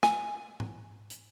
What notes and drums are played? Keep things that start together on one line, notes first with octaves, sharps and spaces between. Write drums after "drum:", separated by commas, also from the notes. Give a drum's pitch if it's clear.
G#5, drum: snare
drum: tom G#2
drum: hi-hat